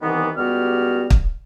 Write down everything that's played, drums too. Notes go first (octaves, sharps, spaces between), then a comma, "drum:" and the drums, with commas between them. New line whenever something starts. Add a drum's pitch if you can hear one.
C2 D#3 E3 B3
C#2 G3 B3 F#4 G4 F6
drum: kick